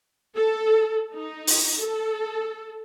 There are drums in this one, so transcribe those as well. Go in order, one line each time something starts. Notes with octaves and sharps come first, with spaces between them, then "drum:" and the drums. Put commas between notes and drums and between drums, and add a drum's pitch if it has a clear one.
A4
D#4
drum: open hi-hat
A4